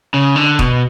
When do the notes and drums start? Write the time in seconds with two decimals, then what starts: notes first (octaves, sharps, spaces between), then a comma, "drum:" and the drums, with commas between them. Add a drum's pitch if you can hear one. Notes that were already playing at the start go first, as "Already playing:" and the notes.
0.14 C#3
0.36 D3
0.59 B2, drum: kick D#1